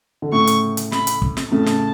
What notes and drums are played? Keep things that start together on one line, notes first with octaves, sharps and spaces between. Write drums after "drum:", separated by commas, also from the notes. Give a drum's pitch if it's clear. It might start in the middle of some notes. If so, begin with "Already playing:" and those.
D3
A2 C#3 C#6
drum: hi-hat
drum: hi-hat
B5, drum: snare
drum: hi-hat
drum: kick
drum: snare
A2 C#3 A5
drum: snare